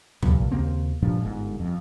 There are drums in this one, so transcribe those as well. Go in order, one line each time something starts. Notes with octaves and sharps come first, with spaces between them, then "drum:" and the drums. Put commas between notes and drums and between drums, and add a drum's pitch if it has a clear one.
C2 G2 A#2, drum: tom
D#2 C#3 A#3 C4
G2 A#2 F3 D4
G1 G#2
F2